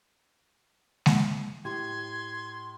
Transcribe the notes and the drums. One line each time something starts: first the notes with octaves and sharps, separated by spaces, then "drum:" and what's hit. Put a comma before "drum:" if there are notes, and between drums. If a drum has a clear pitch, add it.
drum: snare G#3
A2 G4 C6 G#6